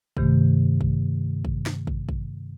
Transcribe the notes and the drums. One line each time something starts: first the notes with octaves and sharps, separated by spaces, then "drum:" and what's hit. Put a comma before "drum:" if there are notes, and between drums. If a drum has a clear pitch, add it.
G2 C3 D#3 A3, drum: kick
drum: kick
drum: kick
drum: snare
drum: kick
drum: kick